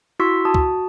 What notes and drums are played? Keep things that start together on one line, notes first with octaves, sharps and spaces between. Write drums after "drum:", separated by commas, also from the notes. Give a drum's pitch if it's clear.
E4 F#4 C6 C#6 E6 B6
F#4 A5 D#6
drum: kick C#2